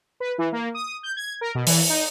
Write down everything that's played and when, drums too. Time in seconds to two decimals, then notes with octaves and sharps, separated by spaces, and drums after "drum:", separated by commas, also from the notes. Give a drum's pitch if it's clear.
0.20 B4
0.38 E3
0.52 A#3
0.74 D#6
1.03 G6
1.17 G#6
1.41 A#4
1.55 B2
1.67 E3, drum: open hi-hat
1.89 D#4